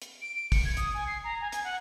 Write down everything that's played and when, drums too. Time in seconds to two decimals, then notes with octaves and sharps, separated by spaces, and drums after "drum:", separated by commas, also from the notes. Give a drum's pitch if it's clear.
0.02 drum: hi-hat
0.22 D7
0.36 D7
0.52 C#7, drum: kick, open hi-hat
0.65 G#6
0.77 D#6, drum: hi-hat
0.94 G#5
1.07 C7
1.24 A#5
1.41 G#5
1.52 G#5, drum: hi-hat
1.64 F#5